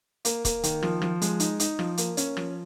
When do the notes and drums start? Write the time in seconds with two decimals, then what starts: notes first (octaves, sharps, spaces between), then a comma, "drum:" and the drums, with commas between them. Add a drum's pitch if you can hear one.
0.25 A#3, drum: hi-hat
0.45 A#3, drum: kick, hi-hat
0.63 D#3, drum: hi-hat
0.83 F3, drum: rim click
1.02 F3, drum: rim click
1.22 G#3, drum: hi-hat
1.40 D#4, drum: hi-hat
1.60 D#4, drum: hi-hat
1.79 F3, drum: rim click
1.97 A#3, drum: hi-hat
2.17 C#4, drum: hi-hat
2.37 F3, drum: rim click